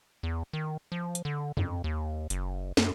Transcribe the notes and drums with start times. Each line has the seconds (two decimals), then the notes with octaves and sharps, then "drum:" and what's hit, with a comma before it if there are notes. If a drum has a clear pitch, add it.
0.23 E2
0.53 D#3
0.92 F3
1.15 drum: hi-hat
1.25 D3
1.57 F2, drum: tom F2
1.84 D#2
2.30 F#1, drum: hi-hat
2.77 F#2, drum: snare